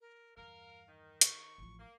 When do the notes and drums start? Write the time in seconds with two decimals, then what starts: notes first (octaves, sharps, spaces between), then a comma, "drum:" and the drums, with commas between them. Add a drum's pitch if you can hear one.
0.01 A#4
0.37 E2 G2 A#4 F5
0.88 D#3
1.21 C#6, drum: hi-hat
1.58 A1 F3
1.79 A#3